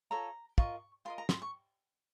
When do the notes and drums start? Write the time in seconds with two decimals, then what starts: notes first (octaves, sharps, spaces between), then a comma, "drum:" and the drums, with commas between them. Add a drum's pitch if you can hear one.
0.11 F4 A4 C#5 A#5
0.58 F4 A#4 D#5 C#6, drum: kick
1.05 F4 A#4 D#5 C6
1.18 A#5
1.29 C6, drum: snare
1.42 C#6